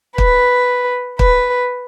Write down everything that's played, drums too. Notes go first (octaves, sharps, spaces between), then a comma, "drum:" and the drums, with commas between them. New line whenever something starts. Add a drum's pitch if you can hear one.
B4, drum: kick
B4, drum: kick